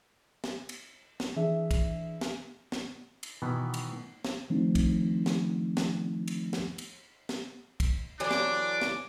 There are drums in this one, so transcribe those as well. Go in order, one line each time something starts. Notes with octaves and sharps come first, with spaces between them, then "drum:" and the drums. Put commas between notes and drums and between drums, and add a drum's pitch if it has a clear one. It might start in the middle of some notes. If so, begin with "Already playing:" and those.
drum: snare
drum: cymbal
drum: snare
E3 D4 G#4 E5
drum: kick, cymbal
drum: snare
drum: snare
drum: cymbal
B2 D#3 E3 B3
drum: cymbal
drum: snare
D#3 F3 A3 C4 D4 D#4
drum: kick, cymbal
drum: snare
drum: snare
drum: cymbal
drum: snare
drum: cymbal
drum: snare
drum: kick, cymbal
D3 E3 F#3 D4 D6
drum: snare
drum: snare